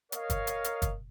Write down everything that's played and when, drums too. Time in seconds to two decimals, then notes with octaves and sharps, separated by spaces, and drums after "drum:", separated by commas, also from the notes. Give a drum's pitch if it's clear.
0.12 A#4 C#5 D#5 F5, drum: hi-hat
0.30 drum: kick, hi-hat
0.47 drum: hi-hat
0.64 drum: hi-hat
0.82 drum: kick, hi-hat